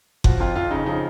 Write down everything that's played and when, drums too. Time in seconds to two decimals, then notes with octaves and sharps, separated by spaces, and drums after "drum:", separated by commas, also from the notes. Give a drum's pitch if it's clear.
0.24 F3 F#4, drum: kick F#1
0.40 F2 F4
0.56 F2 F4
0.71 C#3 D#4
0.86 F3 D#4